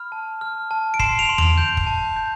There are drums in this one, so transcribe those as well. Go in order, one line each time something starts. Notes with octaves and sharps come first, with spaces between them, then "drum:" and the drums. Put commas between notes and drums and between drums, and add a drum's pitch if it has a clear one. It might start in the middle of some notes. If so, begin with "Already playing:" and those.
Already playing: B5 F6
A5
F6
A5
D7
C6 C7 E7, drum: kick
D7 F7
C6
D7 F7, drum: tom E2
G6
drum: kick
A5
G6